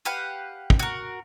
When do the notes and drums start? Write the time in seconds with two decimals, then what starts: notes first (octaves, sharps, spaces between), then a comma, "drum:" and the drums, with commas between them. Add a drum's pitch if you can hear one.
0.05 G4 B4 F5 F#5
0.70 drum: kick
0.79 F#4 A#4